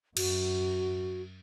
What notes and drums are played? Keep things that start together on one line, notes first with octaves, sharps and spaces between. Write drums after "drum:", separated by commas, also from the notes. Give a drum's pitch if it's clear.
F#2 F#4, drum: cymbal